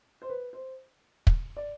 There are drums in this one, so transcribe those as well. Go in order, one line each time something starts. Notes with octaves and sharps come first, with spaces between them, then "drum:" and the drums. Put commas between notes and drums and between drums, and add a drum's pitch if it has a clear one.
C5
B4
C5
drum: kick
D5